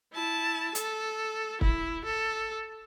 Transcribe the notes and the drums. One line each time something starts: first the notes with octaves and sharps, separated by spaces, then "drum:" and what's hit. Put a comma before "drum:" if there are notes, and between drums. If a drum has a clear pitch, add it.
E4 A5
A4, drum: hi-hat
E4, drum: kick
A4